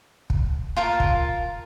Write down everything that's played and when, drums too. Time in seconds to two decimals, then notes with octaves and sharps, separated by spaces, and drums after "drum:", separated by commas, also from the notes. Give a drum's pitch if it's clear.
0.30 drum: kick
0.76 F4 A#4 A5
1.00 drum: kick